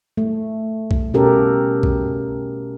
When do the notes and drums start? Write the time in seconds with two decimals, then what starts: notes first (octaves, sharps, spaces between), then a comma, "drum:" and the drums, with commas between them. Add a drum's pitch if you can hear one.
0.17 A3
0.91 drum: kick
1.14 B2 C#4 G4 A4 A#4
1.83 drum: kick